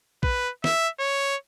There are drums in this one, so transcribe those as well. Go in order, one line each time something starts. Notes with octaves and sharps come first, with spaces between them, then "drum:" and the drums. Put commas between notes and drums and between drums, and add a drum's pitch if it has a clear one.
B4, drum: kick A#1
E5, drum: snare
C#5